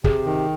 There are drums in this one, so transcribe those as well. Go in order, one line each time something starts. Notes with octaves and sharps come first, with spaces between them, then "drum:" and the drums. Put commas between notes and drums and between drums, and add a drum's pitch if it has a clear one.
C3 G#4, drum: kick
D#3